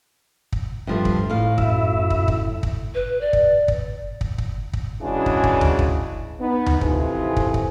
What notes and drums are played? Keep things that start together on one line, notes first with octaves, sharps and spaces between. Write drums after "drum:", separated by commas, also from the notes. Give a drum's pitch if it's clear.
drum: kick
G2 F3 A3
drum: kick
A2 F5
F#2 E4 E5, drum: kick
drum: kick
drum: kick
drum: kick
B4
D5
drum: kick
drum: kick
drum: kick
drum: kick
drum: kick
C#3 E3 G#3 D4 F#4 G#4
drum: kick
drum: kick
drum: tom D2
drum: kick
B3 D#4
drum: tom D2
C3 E3 F3 A3 C4 G#4, drum: kick
drum: kick
drum: kick